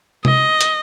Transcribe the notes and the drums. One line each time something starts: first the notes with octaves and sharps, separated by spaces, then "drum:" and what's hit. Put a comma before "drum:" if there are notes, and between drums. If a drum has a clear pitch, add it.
D#5, drum: tom C3
drum: hi-hat